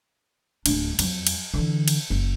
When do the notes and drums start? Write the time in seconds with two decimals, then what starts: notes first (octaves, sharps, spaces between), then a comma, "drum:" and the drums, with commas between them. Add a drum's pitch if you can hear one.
0.66 D1 D4, drum: cymbal
0.99 F2 F#3, drum: cymbal
1.27 drum: cymbal
1.54 D3 E3
1.88 drum: cymbal
2.10 F#1